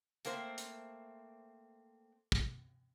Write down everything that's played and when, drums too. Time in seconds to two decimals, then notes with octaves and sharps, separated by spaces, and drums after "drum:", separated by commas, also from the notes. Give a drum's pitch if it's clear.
0.25 A3 A#3 C4 C5, drum: hi-hat
0.58 drum: hi-hat
2.32 drum: kick